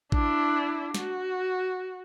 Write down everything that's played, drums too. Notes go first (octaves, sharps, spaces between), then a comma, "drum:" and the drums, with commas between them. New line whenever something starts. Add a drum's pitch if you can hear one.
D4 E4, drum: kick A1
F#4, drum: snare